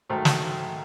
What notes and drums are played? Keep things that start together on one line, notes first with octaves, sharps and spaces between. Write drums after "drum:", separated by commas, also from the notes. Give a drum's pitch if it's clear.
G#2 D#3 F#3 A3
drum: snare